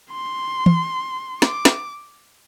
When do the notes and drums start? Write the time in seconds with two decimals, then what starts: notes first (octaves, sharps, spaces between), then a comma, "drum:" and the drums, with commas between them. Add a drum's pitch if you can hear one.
0.12 C6
0.66 drum: tom E3
1.42 D6, drum: snare
1.65 drum: snare